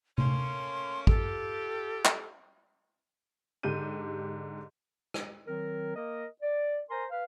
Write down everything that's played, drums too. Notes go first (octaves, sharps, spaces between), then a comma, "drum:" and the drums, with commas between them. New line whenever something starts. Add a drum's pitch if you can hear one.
A3 A#3 C#4 C6, drum: tom C3
F4 G4 A4, drum: kick
drum: clap
G#2 D3 G4 G6 D#7
drum: rim click
D#3 F#3 C4 A#4
A#3 A#4 D#5
D5
A#4 C5 G#5 A#5 C6
B4 F5